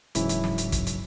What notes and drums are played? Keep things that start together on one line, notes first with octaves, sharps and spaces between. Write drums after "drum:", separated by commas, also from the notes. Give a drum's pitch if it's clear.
D1 G#2 C#3 E3 F#3 E4, drum: hi-hat
drum: hi-hat
drum: snare
drum: hi-hat
drum: kick, hi-hat
drum: hi-hat